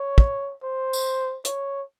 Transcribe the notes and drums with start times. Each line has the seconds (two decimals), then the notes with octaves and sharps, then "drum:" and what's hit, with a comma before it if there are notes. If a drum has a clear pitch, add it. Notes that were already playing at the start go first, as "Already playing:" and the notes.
Already playing: C#5
0.18 drum: kick
0.63 C5
0.93 drum: tambourine
1.45 C#5, drum: hi-hat